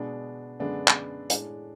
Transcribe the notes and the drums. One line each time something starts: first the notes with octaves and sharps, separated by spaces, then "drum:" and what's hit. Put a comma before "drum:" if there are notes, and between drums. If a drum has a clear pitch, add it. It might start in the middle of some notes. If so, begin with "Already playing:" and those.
Already playing: B2 G#3 B3 D4
F#2 D3 G#3 B3 D4
drum: clap
A2 G#3 D4, drum: hi-hat